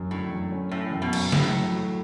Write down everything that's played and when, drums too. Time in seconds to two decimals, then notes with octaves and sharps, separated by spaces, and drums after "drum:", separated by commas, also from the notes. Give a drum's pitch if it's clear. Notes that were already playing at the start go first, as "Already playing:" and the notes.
Already playing: F#2 F#3
0.11 A2 D3
0.32 F#2
0.52 C#4
0.71 A2 C#4
0.92 F#2
1.02 B2
1.13 F#2, drum: cymbal
1.32 A2 G#4, drum: snare
1.53 F#3
1.72 F#3